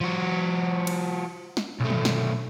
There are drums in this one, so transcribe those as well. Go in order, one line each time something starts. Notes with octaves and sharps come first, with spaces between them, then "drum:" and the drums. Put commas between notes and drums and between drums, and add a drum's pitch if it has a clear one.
F3 F#4
drum: cymbal
drum: snare
B1 A3
drum: tom
drum: snare